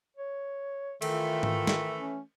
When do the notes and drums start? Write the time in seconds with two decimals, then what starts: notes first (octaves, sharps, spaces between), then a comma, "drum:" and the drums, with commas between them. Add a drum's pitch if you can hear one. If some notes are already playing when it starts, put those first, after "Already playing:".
0.17 C#5
1.02 D#3 E3 A3 F4, drum: cymbal
1.43 drum: tom G#2
1.67 drum: snare
1.97 C#4